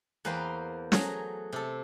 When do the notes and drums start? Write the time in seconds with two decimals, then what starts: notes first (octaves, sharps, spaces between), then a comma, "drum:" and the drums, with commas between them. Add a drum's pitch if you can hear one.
0.25 E2 A#3 B4 C5 F5 G5
0.92 F#3 A3 G#4 A#5, drum: snare
1.52 C3 A4